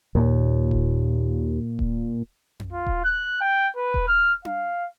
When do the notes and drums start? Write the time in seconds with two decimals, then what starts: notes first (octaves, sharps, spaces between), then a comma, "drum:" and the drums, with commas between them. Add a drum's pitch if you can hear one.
0.15 D#2 A#2
0.71 drum: kick D#1
1.79 drum: kick D#1
2.60 drum: tom F2
2.73 F4
2.87 drum: kick D#1
3.05 F#6
3.41 G5
3.77 B4
3.94 drum: kick D#1
4.08 F6
4.45 F5, drum: tom D4